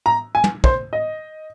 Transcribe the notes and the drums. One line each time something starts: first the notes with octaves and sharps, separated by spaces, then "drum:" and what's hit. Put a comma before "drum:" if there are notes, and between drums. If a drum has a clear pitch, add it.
A#5
G#5
drum: tom
C5, drum: kick
D#5